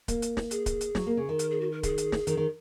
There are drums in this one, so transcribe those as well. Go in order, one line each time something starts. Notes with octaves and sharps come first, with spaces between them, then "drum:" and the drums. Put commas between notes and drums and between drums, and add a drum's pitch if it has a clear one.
A#3, drum: kick D1, hi-hat
drum: hi-hat
drum: snare
G#4, drum: hi-hat
drum: kick D1, hi-hat
drum: hi-hat
F#3, drum: snare
A#3
C#3
D#3
A#4, drum: hi-hat
G#4
F#4
A#4
G#4, drum: kick D1, hi-hat
drum: hi-hat
drum: snare
D#3, drum: hi-hat
D#3